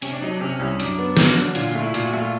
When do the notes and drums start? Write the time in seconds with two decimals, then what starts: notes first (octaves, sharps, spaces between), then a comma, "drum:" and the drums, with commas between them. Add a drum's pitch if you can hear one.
0.02 C3 C#4, drum: hi-hat
0.13 D4
0.21 F#3 D#4
0.31 D4
0.41 C3 C#4
0.59 C2
0.80 F#2 D4, drum: hi-hat
0.98 B3
1.17 F#3, drum: snare
1.36 D3
1.55 A#2 F4, drum: hi-hat
1.68 F4
1.75 A3
1.81 E4
1.94 A#2 F4, drum: hi-hat
2.06 F#4
2.13 A3 F4